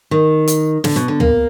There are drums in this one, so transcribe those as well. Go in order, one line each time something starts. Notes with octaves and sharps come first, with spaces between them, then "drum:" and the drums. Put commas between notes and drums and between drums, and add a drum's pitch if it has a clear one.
D#3
drum: hi-hat
D3, drum: snare
B2
D3
A#3, drum: tom